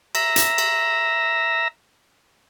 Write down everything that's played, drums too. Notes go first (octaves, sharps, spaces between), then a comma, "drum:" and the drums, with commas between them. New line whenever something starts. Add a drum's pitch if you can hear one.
E5 A#5, drum: cymbal
drum: hi-hat
drum: cymbal